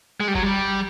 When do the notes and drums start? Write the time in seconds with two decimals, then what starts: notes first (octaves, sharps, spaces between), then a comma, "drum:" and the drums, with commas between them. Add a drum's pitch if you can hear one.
0.20 G#3
0.28 G3
0.35 F#3, drum: kick F#1
0.43 G3